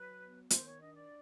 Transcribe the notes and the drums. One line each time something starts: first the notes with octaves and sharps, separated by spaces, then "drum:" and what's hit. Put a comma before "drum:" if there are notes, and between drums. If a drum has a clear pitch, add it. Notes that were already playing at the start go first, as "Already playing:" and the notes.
Already playing: F#3 B4
B3
D#3 C5, drum: hi-hat
C#5
D4 D#5
D5